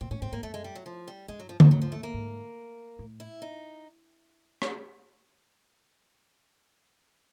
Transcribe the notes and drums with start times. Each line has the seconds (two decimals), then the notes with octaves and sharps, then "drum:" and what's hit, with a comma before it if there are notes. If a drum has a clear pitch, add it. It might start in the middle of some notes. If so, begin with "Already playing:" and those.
0.01 A#2 C4
0.11 A2 C#4
0.22 G#2 C4
0.32 G#2 A#3
0.43 F#2 A3
0.54 G#3
0.64 G3
0.75 F#3
0.86 F3
1.08 G3
1.28 G2 G#3
1.40 F#3
1.49 F3
1.60 F3, drum: tom D3
1.71 F#3
1.82 F3
1.92 A3
2.03 A#3
2.14 G#2
2.99 A2
3.20 E4
3.42 D#4
4.62 drum: rim click